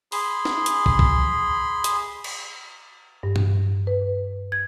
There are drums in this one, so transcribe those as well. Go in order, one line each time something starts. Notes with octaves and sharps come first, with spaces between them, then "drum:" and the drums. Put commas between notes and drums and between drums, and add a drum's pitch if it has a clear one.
G#4 B5 C6, drum: open hi-hat
drum: snare
drum: hi-hat
drum: kick
drum: kick
drum: hi-hat
drum: cymbal
G2
drum: tom
B4
G#6